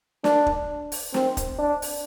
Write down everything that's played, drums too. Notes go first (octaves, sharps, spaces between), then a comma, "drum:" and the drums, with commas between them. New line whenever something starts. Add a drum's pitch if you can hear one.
D4, drum: snare
drum: kick
drum: open hi-hat
C4, drum: snare
drum: kick, hi-hat
D4
drum: open hi-hat